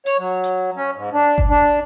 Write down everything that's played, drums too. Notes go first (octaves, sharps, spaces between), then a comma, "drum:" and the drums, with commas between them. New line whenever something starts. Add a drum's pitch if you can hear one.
C#5, drum: hi-hat
F#3
drum: hi-hat
C#4
G#2
D4
drum: kick G1
D4